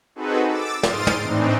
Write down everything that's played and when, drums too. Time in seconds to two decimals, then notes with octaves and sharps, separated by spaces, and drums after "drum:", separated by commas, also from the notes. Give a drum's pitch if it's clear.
0.15 C4 D#4 F#4 G#4 A4 B4
0.48 D6 E6 A6
0.83 G#2 C6 D#6 F6 A6 D7, drum: snare
1.07 drum: tom
1.20 A2 E3 C4 D4 D#4